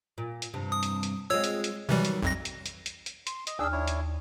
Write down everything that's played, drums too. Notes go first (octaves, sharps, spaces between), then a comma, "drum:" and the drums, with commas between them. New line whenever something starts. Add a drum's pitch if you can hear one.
A#2
drum: hi-hat
E2 G2 C3
D#6
drum: hi-hat
drum: hi-hat
G#3 C4 F4 C#5 E6
drum: hi-hat
drum: hi-hat
C3 D#3 E3 F#3 G3
drum: hi-hat
B1 F2 A#6
drum: hi-hat
drum: hi-hat
drum: hi-hat
drum: hi-hat
C6, drum: hi-hat
D#5, drum: hi-hat
D#2 D4 G#4 E6 F6
D4 E4 C#5
drum: hi-hat